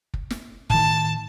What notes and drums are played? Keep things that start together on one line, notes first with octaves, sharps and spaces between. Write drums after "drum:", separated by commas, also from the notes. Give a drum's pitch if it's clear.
drum: kick
drum: snare
A2 D#3 A5, drum: kick